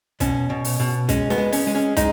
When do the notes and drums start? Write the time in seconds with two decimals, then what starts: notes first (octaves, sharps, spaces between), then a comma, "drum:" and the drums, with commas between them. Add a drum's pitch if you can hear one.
0.20 B2 C#4, drum: kick, hi-hat
0.50 B2
0.65 drum: open hi-hat
0.80 B2
1.09 G#3 C#4, drum: kick, hi-hat
1.30 B3, drum: snare
1.38 G#3
1.53 C#4, drum: open hi-hat
1.67 G#3
1.75 C#4
1.97 G#3 D#4, drum: kick, hi-hat